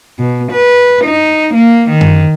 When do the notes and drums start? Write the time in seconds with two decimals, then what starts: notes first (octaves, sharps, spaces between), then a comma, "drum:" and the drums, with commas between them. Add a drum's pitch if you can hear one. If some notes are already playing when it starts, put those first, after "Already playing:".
0.19 B2
0.52 B4
1.06 D#4
1.54 A#3
1.91 D#3
2.01 drum: tom F#2